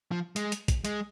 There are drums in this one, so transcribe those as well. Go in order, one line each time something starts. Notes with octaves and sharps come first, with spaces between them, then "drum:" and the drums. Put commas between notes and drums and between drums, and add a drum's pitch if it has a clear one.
F3
G#3, drum: hi-hat
drum: hi-hat
drum: kick A1, hi-hat
G#3, drum: hi-hat